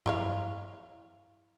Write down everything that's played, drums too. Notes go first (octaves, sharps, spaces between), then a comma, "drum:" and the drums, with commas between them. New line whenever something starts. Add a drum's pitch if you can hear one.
E4 C#5 F5, drum: tom G2